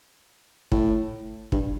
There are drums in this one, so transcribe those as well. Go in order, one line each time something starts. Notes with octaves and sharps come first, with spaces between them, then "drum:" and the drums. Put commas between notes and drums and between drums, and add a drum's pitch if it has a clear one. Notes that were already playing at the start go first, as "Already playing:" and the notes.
A2, drum: kick
G2, drum: kick